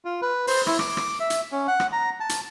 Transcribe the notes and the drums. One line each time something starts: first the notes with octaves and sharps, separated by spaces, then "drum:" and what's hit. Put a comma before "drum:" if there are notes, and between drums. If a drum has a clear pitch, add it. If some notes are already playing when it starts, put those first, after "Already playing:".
F4
B4
C5, drum: open hi-hat
E4, drum: rim click
D6, drum: rim click
drum: rim click
E5
drum: hi-hat
C#4
F#5
drum: rim click
A#5
A5
drum: hi-hat